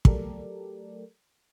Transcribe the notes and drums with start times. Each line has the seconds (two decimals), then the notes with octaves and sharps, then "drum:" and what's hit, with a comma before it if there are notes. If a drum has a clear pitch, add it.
0.05 F#3 A3 G4 A4 A#4 D5, drum: kick